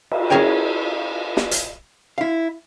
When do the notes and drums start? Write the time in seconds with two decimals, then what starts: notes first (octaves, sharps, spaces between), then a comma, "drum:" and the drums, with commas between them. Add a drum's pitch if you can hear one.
0.11 drum: cymbal
0.30 C#4 E4 G#4 A#4 C#5 G5
1.37 drum: snare
1.51 drum: hi-hat
2.18 E4 F5